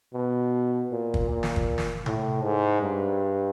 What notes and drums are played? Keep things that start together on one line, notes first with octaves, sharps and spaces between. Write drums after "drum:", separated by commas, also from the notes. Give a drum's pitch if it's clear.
B2
A#2
drum: kick
A#2
drum: snare
drum: kick
drum: snare
A2, drum: tom C3
G#2
G2